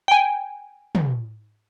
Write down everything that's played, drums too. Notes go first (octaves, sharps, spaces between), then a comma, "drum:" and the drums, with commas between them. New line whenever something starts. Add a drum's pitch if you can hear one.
G5 G#5
drum: tom